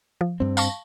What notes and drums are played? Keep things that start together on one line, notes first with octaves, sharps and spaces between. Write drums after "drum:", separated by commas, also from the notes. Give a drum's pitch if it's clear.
F3
G2 C4
F5 A5 C#6, drum: tambourine